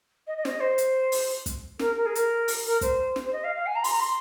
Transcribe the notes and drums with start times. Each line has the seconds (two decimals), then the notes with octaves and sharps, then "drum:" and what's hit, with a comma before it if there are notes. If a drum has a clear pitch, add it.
0.27 D#5
0.38 D#5
0.45 C5, drum: snare
0.50 D#5
0.60 C5
0.78 drum: hi-hat
1.12 drum: open hi-hat
1.46 drum: kick, hi-hat
1.79 A#4, drum: snare
1.97 A#4
2.06 G#4
2.15 A#4, drum: hi-hat
2.48 drum: open hi-hat
2.65 A#4
2.81 C5, drum: kick, hi-hat
3.16 drum: snare
3.25 C5
3.33 D#5
3.44 F5
3.56 F5
3.66 G#5
3.75 A#5
3.84 C6, drum: open hi-hat
3.92 A#5
4.00 C6